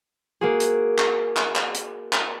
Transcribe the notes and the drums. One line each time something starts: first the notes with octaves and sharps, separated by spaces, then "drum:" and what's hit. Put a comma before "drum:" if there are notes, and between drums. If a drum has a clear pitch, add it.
A#3 F#4 G#4
drum: hi-hat
drum: clap
drum: clap
drum: clap
drum: hi-hat
drum: clap